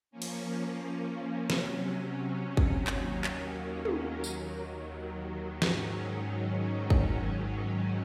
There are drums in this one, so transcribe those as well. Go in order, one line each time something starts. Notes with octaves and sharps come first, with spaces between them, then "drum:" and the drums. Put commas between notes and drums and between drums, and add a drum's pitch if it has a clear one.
F3 A#3 C#4
drum: cymbal
C3 F#3 C#4, drum: snare
drum: kick
D#2 D#3 F#3 A#3 C#4, drum: clap
drum: clap
drum: tom
D#2 D#3 F#3, drum: tambourine
G#2 D#3 F#3 C#4, drum: snare
drum: kick